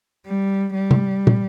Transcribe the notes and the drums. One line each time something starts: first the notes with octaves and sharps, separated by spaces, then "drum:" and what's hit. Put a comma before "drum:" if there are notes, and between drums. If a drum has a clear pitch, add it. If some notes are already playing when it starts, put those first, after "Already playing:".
G3
G3
drum: tom
drum: tom